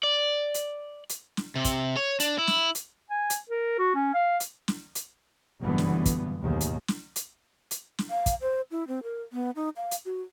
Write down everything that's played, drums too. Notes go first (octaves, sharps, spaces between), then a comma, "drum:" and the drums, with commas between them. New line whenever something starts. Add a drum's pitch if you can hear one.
D5
drum: hi-hat
drum: hi-hat
drum: snare
C3
drum: kick, hi-hat
C#5
D4, drum: hi-hat
E4
drum: snare
drum: hi-hat
G#5
drum: hi-hat
A#4
F#4
C#4
F5
drum: hi-hat
drum: snare
drum: hi-hat
F#1 G2 B2 D3 E3 B3
drum: snare
drum: kick, hi-hat
F1 D#2 G#2 B2 D#3
drum: hi-hat
drum: snare
drum: hi-hat
drum: hi-hat
drum: snare
F5
drum: kick, hi-hat
C5
E4
C4
A#4
B3
D#4
F5
drum: hi-hat
F#4